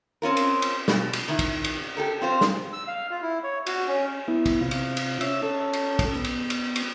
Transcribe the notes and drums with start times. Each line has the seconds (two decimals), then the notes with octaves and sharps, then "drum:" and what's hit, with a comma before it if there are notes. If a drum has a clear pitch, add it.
0.22 C4 C#4 F4 A#4
0.37 drum: cymbal
0.62 drum: cymbal
0.88 B2, drum: snare
1.13 drum: cymbal
1.28 D#3 E4
1.39 drum: kick, cymbal
1.64 drum: cymbal
1.97 G4 A4 A#4
2.22 C4 F4 C5
2.41 drum: snare
2.73 E6
2.88 F5
3.11 F4
3.22 E4
3.43 C#5
3.66 F#4, drum: cymbal
3.88 C#4
4.28 B3 E4
4.46 drum: kick, cymbal
4.61 C3 F4
4.71 drum: cymbal
4.97 drum: cymbal
5.21 C#4 E5 E6, drum: cymbal
5.43 C#4 A4
5.73 drum: cymbal
5.99 drum: kick, cymbal
6.15 B3
6.24 drum: cymbal
6.50 drum: cymbal
6.76 drum: cymbal